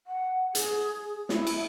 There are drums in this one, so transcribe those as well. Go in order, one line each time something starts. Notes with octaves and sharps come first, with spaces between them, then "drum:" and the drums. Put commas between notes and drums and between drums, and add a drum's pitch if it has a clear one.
F#5
G#4, drum: hi-hat
E4, drum: snare
drum: cymbal